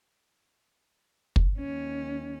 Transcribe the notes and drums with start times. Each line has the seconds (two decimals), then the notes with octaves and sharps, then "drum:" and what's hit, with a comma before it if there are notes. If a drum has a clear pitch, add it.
1.36 drum: kick
1.59 D#2 C#4